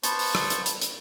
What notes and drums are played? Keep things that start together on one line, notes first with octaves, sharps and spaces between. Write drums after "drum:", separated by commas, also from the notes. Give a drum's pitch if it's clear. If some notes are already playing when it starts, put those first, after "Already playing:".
B3 C5 A5 C#6, drum: hi-hat
drum: open hi-hat
drum: rim click
drum: hi-hat
drum: hi-hat
drum: hi-hat